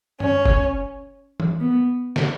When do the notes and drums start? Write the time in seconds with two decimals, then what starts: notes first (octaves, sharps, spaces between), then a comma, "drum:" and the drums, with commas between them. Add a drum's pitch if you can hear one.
0.20 C#4, drum: tom F#2
0.45 drum: kick F#1
1.40 drum: tom E3
1.60 B3
2.16 drum: snare